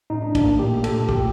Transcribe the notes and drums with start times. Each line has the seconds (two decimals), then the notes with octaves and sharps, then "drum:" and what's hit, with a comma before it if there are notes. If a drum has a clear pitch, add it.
0.10 A2 D#4
0.22 D4
0.26 A2
0.35 D4, drum: kick, cymbal
0.43 A#3
0.59 A#2 G4
0.76 A3
0.84 A4, drum: cymbal
0.92 A#2
1.09 A#2 G4, drum: kick